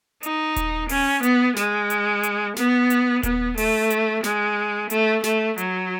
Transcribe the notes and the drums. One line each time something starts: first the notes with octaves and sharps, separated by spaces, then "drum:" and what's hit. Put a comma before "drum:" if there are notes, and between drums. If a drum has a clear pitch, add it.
D#4, drum: hi-hat
drum: kick D#1, hi-hat
C#4, drum: open hi-hat
B3, drum: hi-hat
G#3, drum: snare
drum: hi-hat
drum: hi-hat
B3, drum: snare
drum: hi-hat
B3, drum: kick D#1, hi-hat
A3, drum: open hi-hat
drum: hi-hat
G#3, drum: snare
A3, drum: hi-hat
A3, drum: snare
F#3, drum: hi-hat